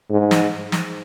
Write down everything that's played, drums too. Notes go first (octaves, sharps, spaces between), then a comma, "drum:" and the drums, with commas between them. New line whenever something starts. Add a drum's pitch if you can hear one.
G#2
drum: snare
drum: snare